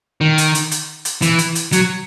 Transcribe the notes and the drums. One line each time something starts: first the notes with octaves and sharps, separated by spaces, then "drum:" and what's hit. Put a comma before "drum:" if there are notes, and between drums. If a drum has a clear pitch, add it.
D#3
drum: hi-hat
drum: hi-hat
drum: hi-hat
drum: hi-hat
E3, drum: hi-hat
drum: hi-hat
drum: hi-hat
F#3, drum: hi-hat